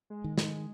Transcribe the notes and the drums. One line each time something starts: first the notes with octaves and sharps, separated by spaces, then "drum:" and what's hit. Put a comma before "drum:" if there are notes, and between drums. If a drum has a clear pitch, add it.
G#3
D#3
G#3, drum: snare